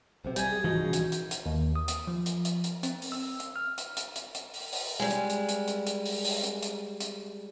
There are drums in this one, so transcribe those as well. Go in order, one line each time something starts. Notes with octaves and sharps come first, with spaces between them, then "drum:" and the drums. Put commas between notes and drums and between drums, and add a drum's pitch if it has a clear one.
B1 C3 C5
G3 G#5 G6 G#6, drum: hi-hat
G#4
C2 G#2 E3 F3 D#4 F#4 D#5
A#1 C#3
drum: hi-hat
drum: hi-hat
drum: hi-hat
D#2
D#6
drum: hi-hat
F3
drum: hi-hat
drum: hi-hat
drum: hi-hat
C4, drum: hi-hat
drum: open hi-hat
E6
drum: hi-hat
F6
drum: hi-hat
drum: hi-hat
drum: hi-hat
drum: hi-hat
drum: open hi-hat
drum: open hi-hat
G3 G#3
drum: hi-hat
drum: hi-hat
drum: hi-hat
drum: hi-hat
drum: hi-hat
drum: open hi-hat
drum: open hi-hat
drum: hi-hat
drum: hi-hat
drum: hi-hat